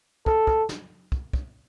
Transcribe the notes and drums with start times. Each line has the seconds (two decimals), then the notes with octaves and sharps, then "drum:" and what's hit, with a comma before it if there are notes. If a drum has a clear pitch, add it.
0.26 A4, drum: kick
0.47 drum: kick
0.69 drum: snare
1.12 drum: kick
1.33 drum: kick